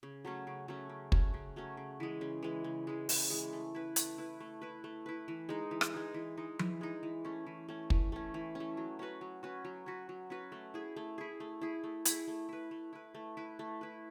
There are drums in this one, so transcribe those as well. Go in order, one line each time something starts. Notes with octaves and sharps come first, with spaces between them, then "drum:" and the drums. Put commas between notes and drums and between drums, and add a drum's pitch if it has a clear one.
C#3
F#3 A3 C#4
C#3
F#3 A3 C#4
C#3
F#3 A3 C#4, drum: kick
C#3
F#3 A3 C#4
C#3
E3 G#3
C#3
E3 G#3
C#3
E3 G#3
C#3, drum: open hi-hat
E3 G#3
A3
E4 B4
A3, drum: hi-hat
E4 B4
A3
E4 B4
A3
E4 B4
E3
G#3 D#4
E3
drum: rim click
G#3 D#4
E3
G#3 D#4
E3, drum: tom F3
G#3 D#4
E3
A3 C#4
E3
A3 C#4
E3, drum: kick
A3 C#4
E3
C#4
A3
F#3
C#4 F#4 B4
F#3
C#4 F#4 B4
F#3
C#4 F#4 B4
F#3
C#4 F#4 B4
A3
E4 G#4
A3
E4 G#4
A3
E4 G#4
A3
E4 G#4, drum: hi-hat
A3
E4 B4
A3
E4 B4
A3
E4 B4
A3
E4 B4